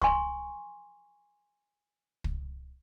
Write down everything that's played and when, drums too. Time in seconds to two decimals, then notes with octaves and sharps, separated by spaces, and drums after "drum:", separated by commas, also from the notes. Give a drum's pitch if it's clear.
0.02 G#5 C6 C#6, drum: kick
2.24 drum: kick